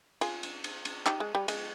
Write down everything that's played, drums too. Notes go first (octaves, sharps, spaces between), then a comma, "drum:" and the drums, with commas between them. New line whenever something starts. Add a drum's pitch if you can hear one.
F4 G#4, drum: cymbal
drum: cymbal
drum: cymbal
drum: cymbal
D#4 G4, drum: clap
G#3
G3
G#3, drum: cymbal